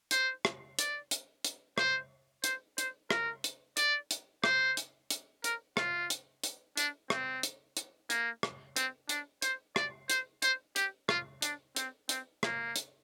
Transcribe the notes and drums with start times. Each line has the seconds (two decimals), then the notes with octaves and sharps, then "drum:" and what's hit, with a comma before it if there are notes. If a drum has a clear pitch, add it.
0.11 C5, drum: hi-hat
0.45 drum: rim click
0.79 D5, drum: hi-hat
1.11 drum: hi-hat
1.45 drum: hi-hat
1.78 C5, drum: rim click
2.44 C5, drum: hi-hat
2.78 C5, drum: hi-hat
3.10 A#4, drum: rim click
3.44 drum: hi-hat
3.77 D5, drum: hi-hat
4.11 drum: hi-hat
4.44 C5, drum: rim click
4.77 drum: hi-hat
5.10 drum: hi-hat
5.44 A#4, drum: hi-hat
5.77 F4, drum: rim click
6.10 drum: hi-hat
6.44 drum: hi-hat
6.77 D4, drum: hi-hat
7.10 C4, drum: rim click
7.43 drum: hi-hat
7.77 drum: hi-hat
8.10 A#3, drum: hi-hat
8.43 drum: rim click
8.76 C4, drum: hi-hat
9.09 D4, drum: hi-hat
9.42 C5, drum: hi-hat
9.76 D5, drum: rim click
10.10 C5, drum: hi-hat
10.42 C5, drum: hi-hat
10.76 G4, drum: hi-hat
11.09 F4, drum: rim click
11.42 D4, drum: hi-hat
11.76 C4, drum: hi-hat
12.09 C4, drum: hi-hat
12.43 A#3, drum: rim click
12.76 drum: hi-hat